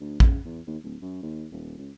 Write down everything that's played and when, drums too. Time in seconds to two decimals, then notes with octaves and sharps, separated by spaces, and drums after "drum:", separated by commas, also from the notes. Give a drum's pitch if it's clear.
0.01 D2
0.20 C#3, drum: kick
0.45 E2
0.67 D#2
0.83 D1
1.02 F#2
1.23 D#2
1.51 D#1
1.78 C#2